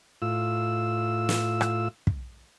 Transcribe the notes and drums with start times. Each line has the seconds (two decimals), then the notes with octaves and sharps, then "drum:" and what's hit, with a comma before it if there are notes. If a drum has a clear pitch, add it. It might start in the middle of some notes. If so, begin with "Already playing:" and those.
0.22 A2 F4 E6
1.29 drum: snare
1.61 drum: rim click
2.07 drum: kick